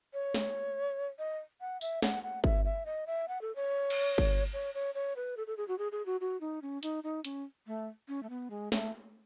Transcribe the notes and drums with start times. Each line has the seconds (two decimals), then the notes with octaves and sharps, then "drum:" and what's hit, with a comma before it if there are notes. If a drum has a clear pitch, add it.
0.13 C#5
0.34 drum: snare
1.19 D#5
1.61 F#5
1.81 E5, drum: tambourine
2.02 F#5, drum: snare
2.23 F#5
2.44 E5, drum: kick G1
2.65 E5
2.86 D#5
3.07 E5
3.28 F#5
3.41 A4
3.56 C#5
3.90 drum: cymbal
4.18 drum: kick G1
4.53 C#5
4.75 C#5
4.95 C#5
5.16 B4
5.37 A4
5.47 A4
5.57 G#4
5.68 F#4
5.78 G#4
5.92 G#4
6.06 F#4
6.21 F#4
6.41 D#4
6.62 C#4
6.83 D#4, drum: hi-hat
7.04 D#4
7.25 C#4, drum: hi-hat
7.67 A3
8.08 C#4
8.23 A3
8.30 B3
8.50 G#3
8.72 A3, drum: snare